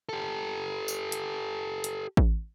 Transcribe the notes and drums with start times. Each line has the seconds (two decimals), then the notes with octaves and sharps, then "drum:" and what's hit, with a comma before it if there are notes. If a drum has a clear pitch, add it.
0.09 G4 A4
0.88 drum: tambourine
1.12 drum: hi-hat
1.84 drum: hi-hat
2.17 drum: kick A1